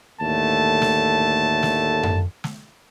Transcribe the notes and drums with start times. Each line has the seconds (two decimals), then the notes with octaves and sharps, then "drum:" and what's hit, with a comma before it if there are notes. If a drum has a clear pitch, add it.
0.21 D#2 A2 D3 A3 A5
0.82 drum: snare
1.63 drum: snare
2.03 drum: tom F#2
2.44 drum: snare